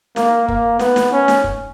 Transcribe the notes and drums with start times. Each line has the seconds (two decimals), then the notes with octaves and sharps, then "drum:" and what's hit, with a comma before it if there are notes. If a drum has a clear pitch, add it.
0.16 A#3, drum: snare
0.48 A#3, drum: kick
0.79 B3, drum: snare
0.96 drum: snare
1.12 C#4
1.28 drum: snare
1.44 drum: kick